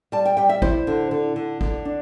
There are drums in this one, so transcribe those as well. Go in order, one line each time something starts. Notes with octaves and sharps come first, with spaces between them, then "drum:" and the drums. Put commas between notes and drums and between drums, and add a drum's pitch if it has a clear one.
G3 A5
G5
G3 G5
E5
E4 C5, drum: kick G#1
D3
D3
D3
D3, drum: kick G#1
D4